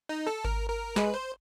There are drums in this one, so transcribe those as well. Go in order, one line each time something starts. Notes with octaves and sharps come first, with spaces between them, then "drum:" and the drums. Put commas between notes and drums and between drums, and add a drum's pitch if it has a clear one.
D#4
A4
A#4, drum: kick G#1
A#4
G#3 B4, drum: snare
C5